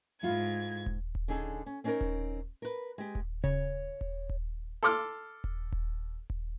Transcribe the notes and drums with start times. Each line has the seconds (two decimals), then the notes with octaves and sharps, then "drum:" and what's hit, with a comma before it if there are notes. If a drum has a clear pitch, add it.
0.23 G#2 A3 E4 F4 G#6
0.86 drum: kick D#1
1.15 drum: kick D#1
1.28 D3 C#4 D#4 G#4 A4
1.66 C#4
1.84 C4 C#4 D#4 F#4 A#4 C#5
2.01 drum: kick D#1
2.62 A#4 B4
2.98 G#3 G4
3.15 drum: kick D#1
3.44 C#3 C#5, drum: kick D#1
4.01 drum: kick D#1
4.29 drum: kick D#1
4.83 A4 C6 D6 F6
5.44 drum: kick D#1
5.72 drum: kick D#1
6.30 drum: kick D#1